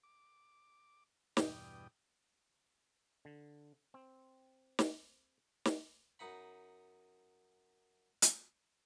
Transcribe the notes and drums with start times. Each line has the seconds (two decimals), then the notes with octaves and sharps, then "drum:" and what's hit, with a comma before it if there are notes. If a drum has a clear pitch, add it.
0.03 D6
1.37 E2 G2 B2 D5 G5 D#6, drum: snare
3.25 D3
3.94 C4
4.79 drum: snare
5.65 drum: snare
6.19 F#2 D#4 F#5 B5
8.22 drum: hi-hat